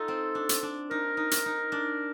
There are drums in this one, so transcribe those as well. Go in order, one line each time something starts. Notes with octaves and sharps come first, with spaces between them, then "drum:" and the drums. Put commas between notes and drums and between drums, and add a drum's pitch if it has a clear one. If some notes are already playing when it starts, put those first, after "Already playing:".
Already playing: D#4 F4 A4
C4
D4
drum: hi-hat
D4
D#4 A#4
D#4
drum: hi-hat
D#4
D4